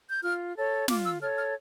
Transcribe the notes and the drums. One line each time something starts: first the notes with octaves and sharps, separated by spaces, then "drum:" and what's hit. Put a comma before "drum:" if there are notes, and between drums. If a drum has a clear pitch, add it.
G6
F4 F6
A4 C#5
F4 D6, drum: snare
E6
A4 C#5 F6
F6